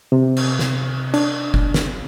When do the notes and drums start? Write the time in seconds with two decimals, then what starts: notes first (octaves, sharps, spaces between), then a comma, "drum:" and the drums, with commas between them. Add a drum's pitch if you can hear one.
0.12 C3
0.37 drum: cymbal
0.59 drum: snare
1.14 D4, drum: cymbal
1.54 drum: kick F#1
1.74 drum: snare